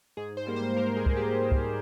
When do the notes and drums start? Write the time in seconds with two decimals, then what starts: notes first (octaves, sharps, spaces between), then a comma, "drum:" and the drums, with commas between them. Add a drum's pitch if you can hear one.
0.17 G#2 G#4
0.37 C5
0.46 G3 A#3
0.56 C5
0.76 G#2 A#4
0.96 G#4
1.06 G3 A#3, drum: kick
1.16 G4
1.52 drum: kick